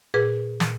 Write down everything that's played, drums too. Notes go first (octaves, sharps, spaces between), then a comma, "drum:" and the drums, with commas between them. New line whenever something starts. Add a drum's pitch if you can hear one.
A#2 G#4 B4
A#2, drum: snare